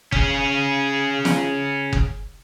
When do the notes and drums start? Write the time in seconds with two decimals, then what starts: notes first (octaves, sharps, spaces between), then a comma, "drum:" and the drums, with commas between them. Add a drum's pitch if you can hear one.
0.12 C#4 G#4, drum: kick F#1
1.25 drum: snare
1.93 drum: kick F#1